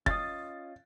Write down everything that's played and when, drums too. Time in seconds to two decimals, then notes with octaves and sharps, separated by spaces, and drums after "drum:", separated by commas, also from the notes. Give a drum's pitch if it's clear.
0.06 C#4 F4 D#5 A6, drum: kick